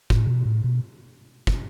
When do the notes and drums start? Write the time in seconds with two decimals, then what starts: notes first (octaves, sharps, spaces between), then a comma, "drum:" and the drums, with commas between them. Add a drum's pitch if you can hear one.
0.10 A2, drum: kick
0.27 B2
0.45 A2
0.64 B2
1.47 drum: kick